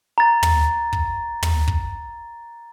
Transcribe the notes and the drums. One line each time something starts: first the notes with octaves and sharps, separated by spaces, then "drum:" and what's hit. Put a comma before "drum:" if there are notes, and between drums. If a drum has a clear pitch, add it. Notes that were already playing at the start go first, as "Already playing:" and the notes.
A#5 A6
drum: tom
drum: kick
drum: tom
drum: kick